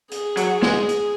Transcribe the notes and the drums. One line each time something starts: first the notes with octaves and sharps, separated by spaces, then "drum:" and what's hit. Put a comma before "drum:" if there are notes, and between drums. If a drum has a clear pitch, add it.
G#4, drum: hi-hat
F#3, drum: hi-hat
G#3, drum: snare
drum: hi-hat